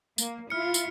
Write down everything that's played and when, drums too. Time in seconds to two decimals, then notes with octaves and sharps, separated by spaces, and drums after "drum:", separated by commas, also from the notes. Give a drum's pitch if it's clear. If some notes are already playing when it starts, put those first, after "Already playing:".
0.18 A#3, drum: tambourine
0.50 E4 F4 F6 C#7
0.74 drum: tambourine